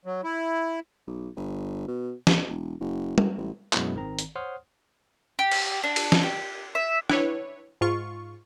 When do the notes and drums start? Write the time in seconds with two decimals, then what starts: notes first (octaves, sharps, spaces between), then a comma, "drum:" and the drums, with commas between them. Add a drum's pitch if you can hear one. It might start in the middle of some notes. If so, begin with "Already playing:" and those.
0.05 F#3
0.24 E4
1.07 B1
1.36 G1
1.88 B2
2.27 A#1, drum: snare
2.48 E1
2.80 F#1
3.18 F#2, drum: tom G3
3.37 A1
3.73 F#2 B2 F#3 G#3 B3 E4, drum: clap
3.95 G#1 D#3 C4 A#5
4.19 drum: hi-hat
4.35 C5 C#5 F#5 C6 D#6 F6
5.39 G4
5.51 drum: cymbal
5.83 D4
5.96 drum: cymbal
6.12 drum: snare
6.23 G4
6.75 E5
7.10 D4 E4 B4 C#5, drum: rim click
7.81 G#2 F4 C#6